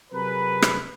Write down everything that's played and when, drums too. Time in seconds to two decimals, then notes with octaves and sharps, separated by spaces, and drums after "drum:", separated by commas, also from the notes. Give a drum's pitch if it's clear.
0.12 C3 F#3 G#4 A#4 B4
0.62 drum: rim click